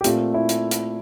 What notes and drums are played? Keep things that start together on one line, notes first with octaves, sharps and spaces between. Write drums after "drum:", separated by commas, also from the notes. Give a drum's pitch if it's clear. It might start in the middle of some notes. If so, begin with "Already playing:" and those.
G4
A#2 A3 C4 F4, drum: hi-hat
E4
drum: hi-hat
drum: hi-hat